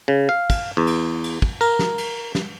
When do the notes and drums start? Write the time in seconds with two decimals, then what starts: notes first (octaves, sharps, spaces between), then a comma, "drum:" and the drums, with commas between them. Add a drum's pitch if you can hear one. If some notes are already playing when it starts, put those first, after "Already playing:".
0.08 C#3
0.29 F5
0.50 drum: kick, cymbal
0.77 E2
0.87 drum: cymbal
1.24 drum: cymbal
1.42 drum: kick
1.61 A#4, drum: cymbal
1.79 drum: snare
1.98 drum: cymbal
2.35 drum: snare